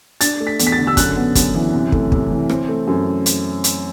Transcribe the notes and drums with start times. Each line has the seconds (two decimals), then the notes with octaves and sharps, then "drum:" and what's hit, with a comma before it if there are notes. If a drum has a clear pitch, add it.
0.21 D4 A6, drum: hi-hat
0.40 A3
0.47 B6
0.59 E2, drum: hi-hat
0.67 B6
0.72 A6
0.78 D3
0.87 E6
0.97 F#2 F#6, drum: kick, hi-hat
1.16 B3
1.35 F#2, drum: kick, hi-hat
1.55 E3
1.74 C3
1.92 A3, drum: kick
2.12 C3, drum: kick
2.30 E3
2.49 C4, drum: rim click
2.69 A3
2.87 F#2
3.26 drum: hi-hat
3.64 drum: hi-hat